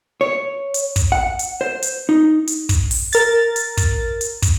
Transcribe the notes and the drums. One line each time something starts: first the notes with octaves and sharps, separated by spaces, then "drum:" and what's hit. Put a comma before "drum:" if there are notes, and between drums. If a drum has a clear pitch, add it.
C#5
drum: hi-hat
drum: kick, hi-hat
F#5
drum: hi-hat
C5
drum: hi-hat
D#4
drum: hi-hat
drum: kick, hi-hat
drum: open hi-hat
A#4 A6, drum: hi-hat
drum: hi-hat
drum: kick, hi-hat
drum: hi-hat
drum: kick, hi-hat